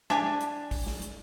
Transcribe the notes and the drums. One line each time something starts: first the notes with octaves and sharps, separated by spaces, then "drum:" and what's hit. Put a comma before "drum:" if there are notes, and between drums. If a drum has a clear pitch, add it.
D4 G4 G#5, drum: snare
drum: hi-hat
drum: kick, open hi-hat
drum: snare
drum: hi-hat